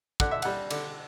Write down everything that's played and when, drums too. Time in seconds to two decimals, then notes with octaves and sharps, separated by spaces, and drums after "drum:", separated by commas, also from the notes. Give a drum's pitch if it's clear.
0.20 D3 F#5, drum: kick
0.31 E5
0.42 G3 F#5, drum: cymbal
0.70 D3, drum: cymbal